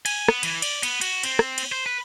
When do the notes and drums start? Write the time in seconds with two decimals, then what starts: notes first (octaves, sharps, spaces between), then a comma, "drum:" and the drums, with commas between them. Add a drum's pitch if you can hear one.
0.06 G#5, drum: cymbal
0.28 B3, drum: rim click
0.43 E3, drum: cymbal
0.62 D5, drum: cymbal
0.83 B3, drum: cymbal
1.01 F#4, drum: cymbal
1.23 C4, drum: cymbal
1.39 drum: rim click
1.58 drum: cymbal
1.72 C5
1.86 B4